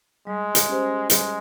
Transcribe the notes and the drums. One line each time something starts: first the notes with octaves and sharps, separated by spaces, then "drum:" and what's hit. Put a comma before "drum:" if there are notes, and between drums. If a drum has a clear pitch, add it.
G3 G#3
drum: hi-hat
C#4 G4 C5
G3 G#3, drum: hi-hat